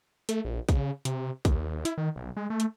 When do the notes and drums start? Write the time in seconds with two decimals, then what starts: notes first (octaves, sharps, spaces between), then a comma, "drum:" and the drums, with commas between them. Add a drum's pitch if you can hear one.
0.29 A3, drum: hi-hat
0.45 A#1
0.69 C#3, drum: kick, hi-hat
1.05 C3, drum: hi-hat
1.45 D#2, drum: kick, hi-hat
1.85 E4, drum: hi-hat
1.98 D#3
2.16 B1
2.37 G#3
2.50 A3
2.60 drum: hi-hat